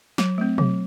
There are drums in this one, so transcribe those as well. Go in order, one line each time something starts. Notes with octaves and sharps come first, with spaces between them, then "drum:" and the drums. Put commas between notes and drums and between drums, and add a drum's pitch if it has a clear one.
F#3, drum: snare
A3 C4
F#3, drum: tom B2